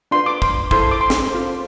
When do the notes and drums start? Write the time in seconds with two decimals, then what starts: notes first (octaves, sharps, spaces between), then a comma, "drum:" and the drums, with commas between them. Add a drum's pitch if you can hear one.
0.11 D4 F4 B4 C6
0.26 D6
0.42 C6, drum: kick
0.71 E4 A4 C5 C6, drum: kick
0.81 C6
0.91 D6
1.01 C6
1.10 drum: snare
1.30 F4 A4 C5